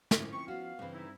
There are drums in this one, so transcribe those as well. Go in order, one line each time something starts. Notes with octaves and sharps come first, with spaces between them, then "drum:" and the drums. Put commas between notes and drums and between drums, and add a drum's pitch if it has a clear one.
drum: snare
A2 F3 C#4 E4
C4 C#6
B3 F#4 F5
G2 C#3 E3 C4
D#4 E4